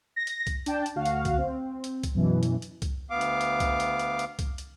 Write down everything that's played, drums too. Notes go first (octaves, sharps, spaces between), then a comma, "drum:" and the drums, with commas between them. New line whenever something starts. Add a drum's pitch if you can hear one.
A#6
drum: hi-hat
drum: kick C2, hi-hat
D4 G5 A5, drum: hi-hat
drum: hi-hat
D2 F#4 F5
drum: hi-hat
drum: kick C2, hi-hat
C4
drum: hi-hat
drum: kick C2, hi-hat
F#2 B2 E3
drum: hi-hat
drum: hi-hat
drum: kick C2, hi-hat
D2 B3 F5 D6
drum: hi-hat
drum: hi-hat
drum: kick C2, hi-hat
drum: hi-hat
drum: hi-hat
drum: hi-hat
drum: kick C2, hi-hat
drum: hi-hat